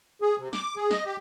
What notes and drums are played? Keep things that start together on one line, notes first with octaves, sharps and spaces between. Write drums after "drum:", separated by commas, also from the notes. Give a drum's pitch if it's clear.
G#4
C3
D6, drum: snare
G#4
D#5, drum: snare
G4